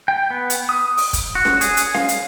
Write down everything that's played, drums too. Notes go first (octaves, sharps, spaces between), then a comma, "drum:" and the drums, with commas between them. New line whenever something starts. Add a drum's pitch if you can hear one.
G5
B3
drum: hi-hat
D#6
drum: open hi-hat
drum: kick, hi-hat
F#4
drum: snare C#4
G#4, drum: hi-hat
drum: hi-hat
F5, drum: snare C#4
drum: hi-hat